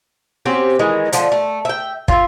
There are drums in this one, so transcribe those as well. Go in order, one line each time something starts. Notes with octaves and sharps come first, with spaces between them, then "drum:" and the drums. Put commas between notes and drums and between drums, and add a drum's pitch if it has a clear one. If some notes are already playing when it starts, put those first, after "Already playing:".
C4 C#4 F#4 G4
D#3 E3 G#3
D3 F3 A3, drum: hi-hat
A3
E5 G5
F4 E5, drum: kick